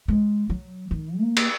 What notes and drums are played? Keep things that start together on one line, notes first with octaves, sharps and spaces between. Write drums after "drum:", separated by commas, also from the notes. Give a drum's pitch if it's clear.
G#3
F#3
D#3
A#3
drum: cymbal